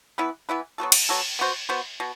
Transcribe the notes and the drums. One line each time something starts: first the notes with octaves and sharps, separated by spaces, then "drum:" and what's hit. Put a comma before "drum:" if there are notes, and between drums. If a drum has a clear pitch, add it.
E3 B3 E4 B4
E3 B3 E4 B4
F#3 B3 F#4 A4
drum: cymbal
F#3 B3 F#4 A4
B3 F#4 C5
B3 F#4 C5
B2